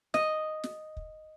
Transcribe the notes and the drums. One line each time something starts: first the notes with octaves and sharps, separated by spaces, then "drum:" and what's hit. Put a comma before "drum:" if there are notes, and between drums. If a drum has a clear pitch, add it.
D#5, drum: snare
drum: snare
drum: kick